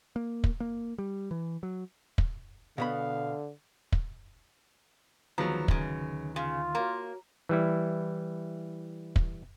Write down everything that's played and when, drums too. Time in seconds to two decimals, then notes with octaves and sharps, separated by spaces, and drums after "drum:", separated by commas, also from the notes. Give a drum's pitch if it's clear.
0.16 A#3
0.44 drum: kick
0.60 A#3
0.98 G3
1.31 E3
1.63 F#3
2.18 drum: kick
2.78 B2 D3 B3 F5 B5
3.92 drum: kick
5.38 D2 D#3 F3 F#3 G#3 B3 A#5
5.68 F#2 C#3, drum: kick
6.36 C#3 F4
6.75 A#3 F#4 C#5 A#5
7.49 E3 G3 E4
9.16 drum: kick